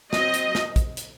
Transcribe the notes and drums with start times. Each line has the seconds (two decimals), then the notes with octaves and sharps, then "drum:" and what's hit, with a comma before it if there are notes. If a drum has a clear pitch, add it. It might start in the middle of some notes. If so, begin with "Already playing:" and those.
0.13 F#3 C4 D#5, drum: snare
0.34 drum: hi-hat
0.55 drum: snare
0.76 drum: kick, hi-hat
0.97 drum: hi-hat